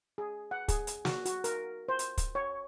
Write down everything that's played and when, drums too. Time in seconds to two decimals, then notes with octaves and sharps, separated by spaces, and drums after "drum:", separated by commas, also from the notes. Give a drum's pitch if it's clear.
0.18 G#4
0.51 F#5
0.68 G#4, drum: kick, hi-hat
0.87 drum: hi-hat
1.05 F#4, drum: snare
1.25 F#4, drum: hi-hat
1.44 A#4, drum: hi-hat
1.89 C5
1.99 drum: hi-hat
2.18 drum: kick, hi-hat
2.35 C#5